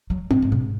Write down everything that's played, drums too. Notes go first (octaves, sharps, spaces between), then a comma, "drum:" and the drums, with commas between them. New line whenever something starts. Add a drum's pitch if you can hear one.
F#3
G#2, drum: tom C4
G#2
B2